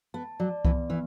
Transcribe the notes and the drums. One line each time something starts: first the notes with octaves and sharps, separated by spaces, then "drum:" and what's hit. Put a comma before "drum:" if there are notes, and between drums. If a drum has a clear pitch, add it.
B3 A5
F#3 D5
E3 B3, drum: kick C2
E3 B3